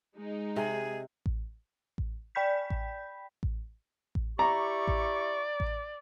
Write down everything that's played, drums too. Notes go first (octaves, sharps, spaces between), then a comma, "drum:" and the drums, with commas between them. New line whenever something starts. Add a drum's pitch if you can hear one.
G#3 D#4
C3 G#4
drum: kick A1
drum: kick A1
D5 G5 B5 G6 B6
drum: kick A1
drum: kick A1
drum: kick A1
E4 G4 D5 A#5 C#6
drum: kick A1
drum: kick A1